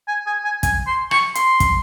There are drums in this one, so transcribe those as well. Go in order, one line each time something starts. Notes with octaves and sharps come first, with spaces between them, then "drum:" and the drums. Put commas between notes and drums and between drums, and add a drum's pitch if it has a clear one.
G#5
G#5
G#5
G#5, drum: kick, hi-hat
C6
C#6, drum: rim click
C6, drum: hi-hat
drum: kick, hi-hat